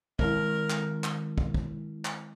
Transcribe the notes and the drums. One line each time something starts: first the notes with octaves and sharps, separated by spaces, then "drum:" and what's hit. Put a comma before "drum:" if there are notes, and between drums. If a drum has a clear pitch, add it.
D#3 G#3 C4 E4 A#4, drum: kick
drum: clap
drum: clap
drum: kick
drum: kick
drum: clap